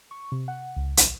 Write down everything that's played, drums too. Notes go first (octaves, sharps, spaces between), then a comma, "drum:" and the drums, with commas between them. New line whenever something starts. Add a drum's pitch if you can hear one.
C#6
C3
F#5
C#2
A#1, drum: hi-hat